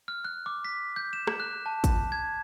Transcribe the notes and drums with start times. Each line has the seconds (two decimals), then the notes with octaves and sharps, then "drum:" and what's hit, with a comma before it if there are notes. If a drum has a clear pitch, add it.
0.08 F6
0.25 F#6
0.46 D6
0.65 B6
0.96 G6
1.13 E7
1.27 drum: rim click
1.40 F#6
1.66 A5
1.84 drum: kick, hi-hat
2.12 G#6